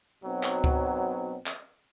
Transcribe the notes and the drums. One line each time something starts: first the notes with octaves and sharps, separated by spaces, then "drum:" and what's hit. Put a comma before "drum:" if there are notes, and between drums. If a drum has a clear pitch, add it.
B1 B2 F#3 C4
drum: clap
drum: kick C#2
drum: clap